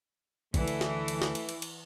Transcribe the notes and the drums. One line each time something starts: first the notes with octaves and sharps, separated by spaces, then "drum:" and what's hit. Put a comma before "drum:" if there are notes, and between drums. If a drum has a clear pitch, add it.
D2 E3 A3, drum: kick A#1, cymbal
drum: cymbal
drum: snare
drum: cymbal
drum: snare
drum: cymbal
drum: cymbal
drum: cymbal